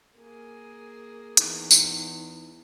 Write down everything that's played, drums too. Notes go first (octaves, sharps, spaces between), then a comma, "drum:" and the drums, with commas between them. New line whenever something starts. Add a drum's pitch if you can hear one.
A#3 G#4
E2 D#4, drum: hi-hat
drum: tambourine